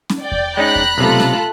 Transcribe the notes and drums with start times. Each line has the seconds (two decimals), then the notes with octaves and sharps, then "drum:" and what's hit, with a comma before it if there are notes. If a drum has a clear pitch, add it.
0.10 drum: snare C#4
0.20 D5 G5
0.32 drum: kick E2
0.57 G#3 C#4 D#4 A#5 B5 F#6
0.76 drum: kick E2
0.98 B1 C3 A3 F4 A4
1.20 drum: snare C#4